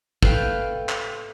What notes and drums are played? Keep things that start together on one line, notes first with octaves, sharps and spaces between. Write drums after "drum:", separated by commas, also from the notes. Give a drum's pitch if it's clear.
A3 B4 F5 G5, drum: kick
drum: clap